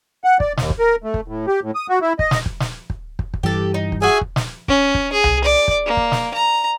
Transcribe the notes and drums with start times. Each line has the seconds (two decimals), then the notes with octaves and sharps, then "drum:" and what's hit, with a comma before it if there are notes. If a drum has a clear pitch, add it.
0.24 F#5
0.40 D5, drum: kick
0.57 D#2, drum: snare
0.70 drum: kick
0.79 A#4
1.04 A3
1.14 drum: kick
1.28 A2
1.47 G4
1.63 A2
1.75 D#6
1.89 F#4
2.02 E4
2.19 D#5, drum: kick
2.31 drum: snare
2.46 drum: kick
2.60 drum: snare
2.90 drum: kick
3.19 drum: kick
3.34 drum: kick
3.43 G2 E3 G4 A4
3.74 D#4
3.92 drum: kick
4.02 F#4 G#4 E5 G#5
4.21 drum: kick
4.36 drum: snare
4.68 C#4, drum: kick
4.95 drum: kick
5.13 G#4
5.24 drum: tom C2
5.44 D5
5.68 drum: kick
5.86 A#3
5.97 drum: kick
6.12 drum: snare
6.34 A#5